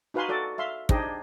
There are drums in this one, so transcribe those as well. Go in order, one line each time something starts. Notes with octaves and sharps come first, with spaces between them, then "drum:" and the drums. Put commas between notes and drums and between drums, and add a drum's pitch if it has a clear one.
D#4 F#4 B4 F5 G#5 C6
F#4 A4 D5
E5 F5 C6
D4 D#4 G4 G#4 C5 D#5, drum: kick